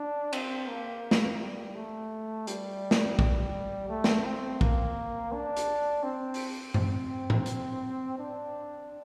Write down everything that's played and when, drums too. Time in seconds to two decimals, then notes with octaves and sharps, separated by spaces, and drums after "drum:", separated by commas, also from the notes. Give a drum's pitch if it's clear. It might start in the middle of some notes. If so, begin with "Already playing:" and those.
Already playing: D4
0.33 C4, drum: cymbal
0.68 A#3
1.11 drum: snare
1.39 G3
1.75 A3
2.47 G3, drum: hi-hat
2.91 drum: snare
3.19 G3, drum: kick
3.89 A3
4.04 drum: snare
4.25 C4
4.61 A#3, drum: kick
5.33 D4
5.57 drum: hi-hat
6.03 C4
6.34 drum: open hi-hat
6.74 C4, drum: tom G2
7.30 drum: tom
7.46 drum: hi-hat
8.18 D4